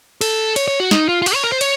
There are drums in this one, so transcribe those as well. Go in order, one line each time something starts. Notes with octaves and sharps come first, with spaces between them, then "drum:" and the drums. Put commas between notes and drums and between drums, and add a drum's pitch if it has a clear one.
A4, drum: cymbal
C#5, drum: cymbal
C#5
F#4
D#4, drum: snare
F4
F4
F#4, drum: cymbal
C#5
A#4
C5
C#5, drum: cymbal